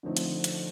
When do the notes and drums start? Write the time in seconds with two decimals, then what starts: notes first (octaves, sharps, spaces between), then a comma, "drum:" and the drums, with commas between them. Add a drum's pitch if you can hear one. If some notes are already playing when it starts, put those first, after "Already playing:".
0.03 D3 F3 A3 C4 D#4
0.17 drum: hi-hat
0.44 drum: hi-hat